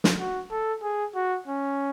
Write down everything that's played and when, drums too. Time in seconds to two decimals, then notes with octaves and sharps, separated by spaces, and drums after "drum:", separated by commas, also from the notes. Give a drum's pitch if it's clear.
0.04 drum: snare
0.19 F#4
0.51 A4
0.83 G#4
1.15 F#4
1.48 C#4